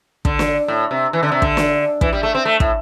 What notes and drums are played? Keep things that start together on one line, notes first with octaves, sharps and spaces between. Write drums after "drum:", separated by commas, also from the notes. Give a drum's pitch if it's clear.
D3, drum: kick
drum: snare
A2
C3
E3
D3
C3
D3, drum: kick
drum: snare
E3, drum: kick
G3
A3
C4
A3
A2, drum: kick